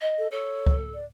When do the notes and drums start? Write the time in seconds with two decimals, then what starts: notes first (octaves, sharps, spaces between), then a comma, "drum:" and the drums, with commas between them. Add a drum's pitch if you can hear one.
0.01 D#5
0.19 A4
0.32 A4 C#5
0.67 drum: kick C#2
0.94 D5